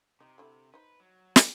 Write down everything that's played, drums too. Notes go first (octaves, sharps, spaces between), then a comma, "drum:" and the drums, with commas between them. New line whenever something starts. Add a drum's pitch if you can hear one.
C3 D#4
D3 A3 E4
D#4 B4 C5
F#3
drum: snare